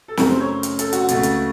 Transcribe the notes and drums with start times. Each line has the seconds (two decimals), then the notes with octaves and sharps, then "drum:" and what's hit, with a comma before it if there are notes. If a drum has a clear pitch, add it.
0.08 A4
0.17 F#2 C#3 A3 A#4, drum: snare
0.30 C5
0.40 C#5
0.63 drum: hi-hat
0.79 A4, drum: hi-hat
0.93 F#4, drum: hi-hat
1.09 C#2 C#3 A3, drum: hi-hat
1.23 drum: hi-hat